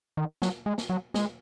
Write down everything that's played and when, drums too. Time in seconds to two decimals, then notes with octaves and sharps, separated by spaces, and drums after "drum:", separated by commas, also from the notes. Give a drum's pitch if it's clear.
0.17 D#3
0.42 F#3, drum: snare
0.66 G#3
0.78 drum: snare
0.89 F#3
1.14 G#3, drum: snare